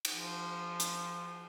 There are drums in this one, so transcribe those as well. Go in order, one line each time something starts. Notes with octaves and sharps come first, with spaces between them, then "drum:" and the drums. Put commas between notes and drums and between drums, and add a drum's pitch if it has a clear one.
drum: cymbal
F3
drum: hi-hat